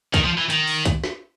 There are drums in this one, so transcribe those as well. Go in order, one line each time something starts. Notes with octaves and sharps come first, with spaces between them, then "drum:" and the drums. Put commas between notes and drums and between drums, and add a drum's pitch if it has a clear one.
D#3, drum: kick, hi-hat
F3
E3
D#3, drum: hi-hat
drum: open hi-hat
drum: kick, hi-hat
drum: snare